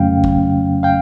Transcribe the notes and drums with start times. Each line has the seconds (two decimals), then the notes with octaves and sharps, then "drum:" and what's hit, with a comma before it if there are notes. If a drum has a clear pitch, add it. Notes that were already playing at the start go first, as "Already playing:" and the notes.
Already playing: F2 C#3 F#3 A3 C#4 F5 G5
0.24 drum: kick F#1
0.83 F5 G5